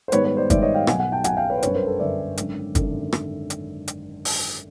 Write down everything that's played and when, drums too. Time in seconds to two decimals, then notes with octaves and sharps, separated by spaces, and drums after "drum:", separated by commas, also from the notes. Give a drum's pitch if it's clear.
0.08 C5
0.12 G#2 D#3 G3 B3 B4 C#5, drum: hi-hat
0.25 B4 C#5
0.37 C5 D5
0.50 G#2 D#3 G3 B3 D5 E5, drum: kick, hi-hat
0.62 C#5 D#5
0.74 F5 G5
0.87 B1 B2 F#3 F#5 G#5, drum: rim click
1.00 F#5 G#5
1.12 G5 A5
1.24 B1 B2 F#3 F#5 G#5, drum: hi-hat
1.37 F5 G5
1.50 B4 C#5
1.58 C5
1.63 G1 F#2 D3 B4 C#5, drum: hi-hat
1.75 A#4 C5
1.87 A4 B4
1.99 G1 F#2 D3 D5 E5
2.37 G#1 F#2 D3, drum: hi-hat
2.75 G#1 F#2 D3, drum: kick, hi-hat
3.13 drum: rim click
3.50 drum: hi-hat
3.88 drum: hi-hat
4.25 drum: open hi-hat